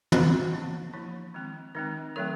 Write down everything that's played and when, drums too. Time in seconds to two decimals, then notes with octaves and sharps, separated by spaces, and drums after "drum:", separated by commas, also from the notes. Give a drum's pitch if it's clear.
0.12 D3 G3 C4 F#4, drum: tom
0.52 F3 A#3 D4
0.93 F3 A#3 D4 E4
1.34 D#3 G#3 C4
1.75 D#3 G#3 C4 D#4
2.16 D#3 F#3 A3 C4 A4